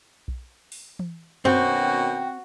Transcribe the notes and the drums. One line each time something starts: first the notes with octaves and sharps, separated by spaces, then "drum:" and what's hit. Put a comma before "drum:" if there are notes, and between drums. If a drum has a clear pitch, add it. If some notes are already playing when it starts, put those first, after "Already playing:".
drum: kick B1
drum: open hi-hat
drum: tom E3
B2 D#3 C4 C#4 F#4 G5, drum: tom F#2